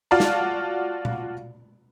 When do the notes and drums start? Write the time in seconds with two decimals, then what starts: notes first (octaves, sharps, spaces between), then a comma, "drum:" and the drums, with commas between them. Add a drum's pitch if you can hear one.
0.11 F4 F#4 D5 F5 A5
0.20 drum: snare
1.05 drum: tom A#2